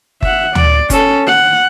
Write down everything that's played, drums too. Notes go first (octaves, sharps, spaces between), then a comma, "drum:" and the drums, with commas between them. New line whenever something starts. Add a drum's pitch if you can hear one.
E5 F#5, drum: kick F#1
D5, drum: tom D2
C#4 A4, drum: kick F#1, hi-hat
F#5